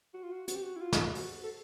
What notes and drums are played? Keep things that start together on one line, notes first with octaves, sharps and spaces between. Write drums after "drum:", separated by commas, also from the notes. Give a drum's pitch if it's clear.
F#4
F4
F#4
F#4, drum: hi-hat
G4
F#4
E4
F4
drum: snare
F#4, drum: open hi-hat
A4